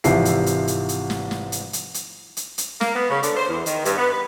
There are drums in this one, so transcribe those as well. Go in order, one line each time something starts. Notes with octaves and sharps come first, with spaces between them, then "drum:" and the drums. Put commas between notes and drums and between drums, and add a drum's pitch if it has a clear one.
G#1 C3 E3 F3 E5 C7, drum: hi-hat
drum: hi-hat
drum: hi-hat
drum: hi-hat
drum: hi-hat
drum: snare
drum: snare
drum: hi-hat
drum: hi-hat
drum: hi-hat
drum: hi-hat
drum: hi-hat
A#3, drum: snare
B3
C#3
D3, drum: hi-hat
C5
E2
D#3, drum: hi-hat
G2, drum: hi-hat
B3
B4